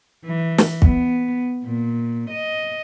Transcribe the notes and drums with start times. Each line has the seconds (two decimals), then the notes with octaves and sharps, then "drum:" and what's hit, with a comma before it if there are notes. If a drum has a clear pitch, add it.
0.24 E3
0.58 drum: snare
0.82 B3, drum: kick
1.65 A#2
2.30 D#5